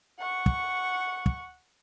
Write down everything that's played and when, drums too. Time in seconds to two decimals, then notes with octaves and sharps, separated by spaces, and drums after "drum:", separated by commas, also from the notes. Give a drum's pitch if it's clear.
0.19 F#5 C#6
0.46 drum: kick
1.26 drum: kick